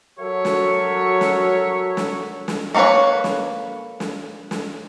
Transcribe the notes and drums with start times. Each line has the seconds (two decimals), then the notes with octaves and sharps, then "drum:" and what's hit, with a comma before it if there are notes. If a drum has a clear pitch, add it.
0.19 F#3 F#4 A4 A#4 C#5 E5
0.45 drum: snare
1.21 drum: snare
1.97 drum: snare
2.48 drum: snare
2.74 A3 A#3 F4 B4 C#5
3.24 drum: snare
4.00 drum: snare
4.51 drum: snare